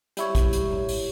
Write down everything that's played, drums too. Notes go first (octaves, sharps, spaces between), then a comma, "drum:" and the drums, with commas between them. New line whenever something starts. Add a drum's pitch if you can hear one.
G3 E4 G4 C#5, drum: hi-hat
drum: kick, hi-hat
drum: hi-hat
drum: tom A2
drum: open hi-hat